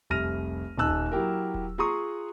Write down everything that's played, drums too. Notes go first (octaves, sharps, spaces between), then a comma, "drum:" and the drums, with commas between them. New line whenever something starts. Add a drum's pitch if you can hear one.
F1 C2 F6 A#6 D#7
D#1 A#2 D#4 A5 E6 F#6
drum: kick D#1
F#3 E4 G4 A#4
drum: kick D#1
F4 G#4 A#5 C6 C#6 D#6, drum: tom A#3